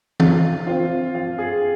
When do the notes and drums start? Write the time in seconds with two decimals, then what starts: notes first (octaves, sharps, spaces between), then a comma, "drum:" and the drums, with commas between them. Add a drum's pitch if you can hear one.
0.20 F3 F4, drum: tom E3
0.67 C4 F4
1.15 F3 F4
1.38 G#4